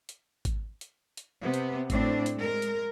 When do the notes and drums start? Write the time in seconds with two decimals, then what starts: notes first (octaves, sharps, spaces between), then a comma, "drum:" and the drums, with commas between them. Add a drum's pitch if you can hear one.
0.09 drum: hi-hat
0.45 drum: kick G#1, hi-hat
0.81 drum: hi-hat
1.17 drum: hi-hat
1.42 C3 B3
1.54 drum: hi-hat
1.90 A2 C4 D4, drum: kick G#1, hi-hat
2.26 drum: hi-hat
2.36 G#3 A#4
2.62 drum: hi-hat